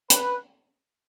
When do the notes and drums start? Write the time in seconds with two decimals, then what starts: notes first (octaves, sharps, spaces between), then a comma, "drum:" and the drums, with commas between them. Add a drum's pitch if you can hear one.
0.10 B4, drum: hi-hat